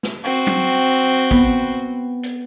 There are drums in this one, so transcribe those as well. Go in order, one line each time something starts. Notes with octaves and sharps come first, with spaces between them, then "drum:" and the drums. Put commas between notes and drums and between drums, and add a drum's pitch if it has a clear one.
drum: snare
C4 F#4
drum: tom
B3, drum: kick
drum: hi-hat